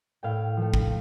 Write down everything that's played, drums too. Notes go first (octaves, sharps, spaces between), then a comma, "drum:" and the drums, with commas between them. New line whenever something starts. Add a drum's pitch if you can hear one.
A2 F5 G5
F3 A3
drum: kick